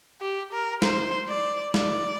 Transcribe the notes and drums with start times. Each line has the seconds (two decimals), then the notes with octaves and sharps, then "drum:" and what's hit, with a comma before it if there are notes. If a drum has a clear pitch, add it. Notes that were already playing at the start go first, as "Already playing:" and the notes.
0.21 G4
0.52 A#4
0.82 C5, drum: snare
1.29 D5
1.74 D5, drum: snare